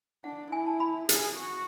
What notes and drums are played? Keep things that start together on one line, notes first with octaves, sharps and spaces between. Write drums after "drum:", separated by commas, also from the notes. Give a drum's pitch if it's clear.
D4 F#5
E4 G#5
A5
B5
G#4, drum: hi-hat
F#4